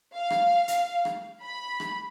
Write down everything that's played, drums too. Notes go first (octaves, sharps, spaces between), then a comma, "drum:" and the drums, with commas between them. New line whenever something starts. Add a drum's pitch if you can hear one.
F5
drum: rim click
drum: hi-hat
drum: rim click
B5
drum: rim click